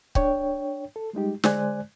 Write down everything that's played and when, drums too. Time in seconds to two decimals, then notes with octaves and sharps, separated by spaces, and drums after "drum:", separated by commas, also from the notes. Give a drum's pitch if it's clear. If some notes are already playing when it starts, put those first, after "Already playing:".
0.15 D4 C#5 G5, drum: kick C#1
0.96 A4
1.13 G3 G#3 D#4 G4
1.44 D3 G#3 C5 D5 G#5 F#6, drum: snare